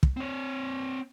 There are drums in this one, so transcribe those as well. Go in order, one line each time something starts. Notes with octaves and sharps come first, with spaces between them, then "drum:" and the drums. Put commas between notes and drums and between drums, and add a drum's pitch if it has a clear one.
drum: kick
C4 C#5